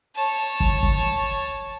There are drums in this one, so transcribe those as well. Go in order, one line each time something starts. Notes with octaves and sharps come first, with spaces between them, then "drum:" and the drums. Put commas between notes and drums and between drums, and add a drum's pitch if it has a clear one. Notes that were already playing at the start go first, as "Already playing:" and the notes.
C#5 A5
drum: kick
drum: kick